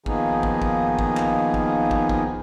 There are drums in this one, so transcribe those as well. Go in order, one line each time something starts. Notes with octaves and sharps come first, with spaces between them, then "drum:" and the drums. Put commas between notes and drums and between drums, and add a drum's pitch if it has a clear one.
D#3 F3 A#3 B3 D#4 G#4, drum: kick
drum: kick
drum: kick
drum: kick
drum: clap
drum: kick
drum: kick
drum: kick